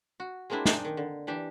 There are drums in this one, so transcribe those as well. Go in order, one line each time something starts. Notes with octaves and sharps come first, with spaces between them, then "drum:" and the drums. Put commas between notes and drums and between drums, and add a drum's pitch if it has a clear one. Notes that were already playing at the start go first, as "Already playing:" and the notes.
F#4
G#3 A#3 C4 D4 E4
D4 D#4 C5 G5 G#5, drum: snare
D#3
D3
E3 D4 G4